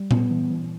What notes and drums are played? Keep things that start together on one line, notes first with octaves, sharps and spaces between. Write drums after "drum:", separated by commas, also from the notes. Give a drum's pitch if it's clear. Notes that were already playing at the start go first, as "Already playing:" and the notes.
Already playing: G3
B3, drum: tom A#2
E3
E3